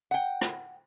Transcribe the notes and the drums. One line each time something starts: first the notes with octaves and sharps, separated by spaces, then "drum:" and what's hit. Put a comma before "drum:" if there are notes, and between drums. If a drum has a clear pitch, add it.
F#5 G5
drum: rim click